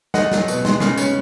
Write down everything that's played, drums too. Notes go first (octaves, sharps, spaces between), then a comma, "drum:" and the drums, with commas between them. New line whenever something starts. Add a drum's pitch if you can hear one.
A3 D#5 F#5, drum: snare
F#3, drum: snare
B2, drum: tambourine
G#3, drum: snare
C#3, drum: snare
C#4, drum: tambourine